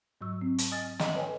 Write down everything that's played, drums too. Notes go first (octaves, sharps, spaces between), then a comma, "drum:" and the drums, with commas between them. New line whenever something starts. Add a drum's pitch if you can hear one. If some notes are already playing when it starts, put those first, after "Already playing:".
G#2 F#3 C#6 E6
C4
A5, drum: hi-hat
D#5 G#5 D#6 F6 A6
D#5, drum: snare
A4 B4 C#5 D#5 G5 G#5